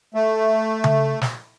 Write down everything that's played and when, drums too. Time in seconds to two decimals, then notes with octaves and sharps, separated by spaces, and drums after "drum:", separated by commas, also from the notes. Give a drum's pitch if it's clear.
0.14 A3
0.84 drum: tom C#3
1.21 drum: snare